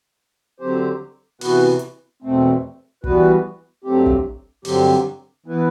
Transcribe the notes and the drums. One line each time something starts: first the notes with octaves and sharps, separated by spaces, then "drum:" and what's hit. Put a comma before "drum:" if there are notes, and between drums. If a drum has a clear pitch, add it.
D3 F#3 C4 G4 C5
C3 E3 B3 F#4 B4, drum: open hi-hat
drum: hi-hat
E2 B2 A3 C4
E3 G3 B3 F#4 B4, drum: kick
G2 F#3 A3 C4 G4
drum: kick
G2 D3 F#3 C4 G4, drum: open hi-hat
E3 B3 E4 B4